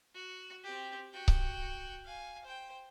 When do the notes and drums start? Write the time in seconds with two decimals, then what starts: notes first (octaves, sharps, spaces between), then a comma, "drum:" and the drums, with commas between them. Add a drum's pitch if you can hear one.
0.15 F#4
0.64 C4 G4
1.13 F#4 G5
1.28 drum: kick C#1
2.05 F5 G#5
2.45 C5 G5